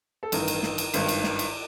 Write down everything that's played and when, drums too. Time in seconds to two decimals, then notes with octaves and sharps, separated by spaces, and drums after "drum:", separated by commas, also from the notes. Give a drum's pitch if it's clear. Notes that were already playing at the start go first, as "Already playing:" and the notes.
0.23 A4
0.32 A1 G2 D#3 A#4, drum: cymbal
0.48 drum: cymbal
0.63 drum: snare
0.78 drum: cymbal
0.94 G#1 G2 D#3, drum: cymbal
1.09 drum: cymbal
1.24 drum: snare
1.39 drum: cymbal